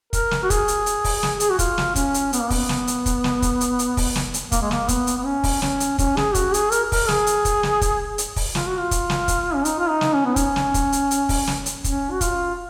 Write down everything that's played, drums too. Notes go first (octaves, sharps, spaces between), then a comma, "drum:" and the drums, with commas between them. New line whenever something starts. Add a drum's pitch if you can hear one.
A#4, drum: kick, hi-hat
drum: snare
F#4
G#4, drum: kick, hi-hat
drum: hi-hat
drum: hi-hat
drum: kick, open hi-hat
drum: snare
G#4, drum: hi-hat
F#4
F4, drum: kick, hi-hat
drum: snare
C#4, drum: kick, hi-hat
drum: hi-hat
B3, drum: hi-hat
A#3
B3, drum: kick, open hi-hat
drum: snare
drum: hi-hat
drum: kick, hi-hat
drum: snare
drum: kick, hi-hat
drum: hi-hat
drum: hi-hat
drum: kick, open hi-hat
drum: snare
drum: hi-hat
A#3, drum: kick, hi-hat
G#3
A#3, drum: snare
B3, drum: kick, hi-hat
drum: hi-hat
B3
C#4
drum: kick, open hi-hat
C#4, drum: snare
drum: hi-hat
C#4, drum: kick, hi-hat
G#4, drum: snare
F#4, drum: kick, hi-hat
G#4, drum: hi-hat
A#4, drum: hi-hat
A#4, drum: kick, open hi-hat
G#4, drum: snare
drum: hi-hat
drum: kick, hi-hat
drum: snare
drum: kick, hi-hat
drum: hi-hat
drum: kick, open hi-hat
F4, drum: snare
F#4
F4
drum: kick, hi-hat
drum: snare
drum: kick, hi-hat
C#4
D#4, drum: hi-hat
F4
D#4
drum: snare
C#4
B3
C#4, drum: kick, hi-hat
drum: snare
drum: kick, hi-hat
drum: hi-hat
drum: hi-hat
drum: kick, open hi-hat
drum: snare
drum: hi-hat
C#4, drum: kick, hi-hat
F#4
F4, drum: kick, hi-hat